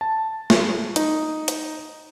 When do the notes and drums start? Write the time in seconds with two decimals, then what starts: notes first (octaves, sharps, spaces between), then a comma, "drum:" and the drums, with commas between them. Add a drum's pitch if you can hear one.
0.01 A5
0.50 drum: snare
0.96 D#4, drum: hi-hat
1.48 drum: hi-hat